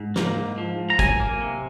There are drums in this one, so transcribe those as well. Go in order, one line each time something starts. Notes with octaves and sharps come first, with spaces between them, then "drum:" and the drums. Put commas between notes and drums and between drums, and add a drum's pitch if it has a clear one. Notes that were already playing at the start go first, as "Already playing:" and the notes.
Already playing: G#2
A#3, drum: snare
G#2
F3
G#2
A#5
F#3 G#5, drum: kick, hi-hat
A#3
C3